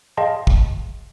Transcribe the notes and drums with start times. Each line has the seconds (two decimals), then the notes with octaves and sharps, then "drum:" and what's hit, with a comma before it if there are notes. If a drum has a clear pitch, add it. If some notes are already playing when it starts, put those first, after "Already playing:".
0.17 G#4 D#5 F5 G5 A5 C6
0.47 drum: kick